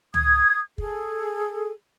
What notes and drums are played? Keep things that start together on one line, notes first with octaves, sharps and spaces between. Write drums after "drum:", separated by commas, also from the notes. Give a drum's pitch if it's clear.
D#6 G#6, drum: tom C#2
G#4 A4, drum: kick